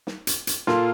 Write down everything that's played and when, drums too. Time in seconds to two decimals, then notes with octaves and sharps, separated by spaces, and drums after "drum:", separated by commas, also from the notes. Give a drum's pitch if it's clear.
0.07 drum: snare
0.27 drum: hi-hat
0.47 drum: hi-hat
0.67 A#2 A#3 F4 A4, drum: snare